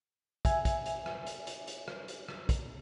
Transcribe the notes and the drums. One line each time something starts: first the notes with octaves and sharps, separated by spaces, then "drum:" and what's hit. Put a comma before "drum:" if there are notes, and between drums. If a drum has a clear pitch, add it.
E5 G#5, drum: kick, hi-hat
drum: kick, hi-hat
drum: hi-hat
drum: rim click
drum: hi-hat
drum: hi-hat
drum: hi-hat
drum: rim click
drum: hi-hat
drum: rim click
drum: kick, hi-hat